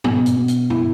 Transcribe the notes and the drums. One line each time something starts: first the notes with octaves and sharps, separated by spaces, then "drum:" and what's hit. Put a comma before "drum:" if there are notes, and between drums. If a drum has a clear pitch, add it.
B2, drum: tom G2
drum: hi-hat
B2
drum: hi-hat
E4, drum: tom F#2